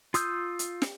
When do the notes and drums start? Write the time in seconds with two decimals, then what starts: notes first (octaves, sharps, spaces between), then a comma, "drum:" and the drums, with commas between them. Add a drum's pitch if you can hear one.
0.14 F4 D#6 E6 G6, drum: hi-hat
0.59 drum: hi-hat
0.82 drum: snare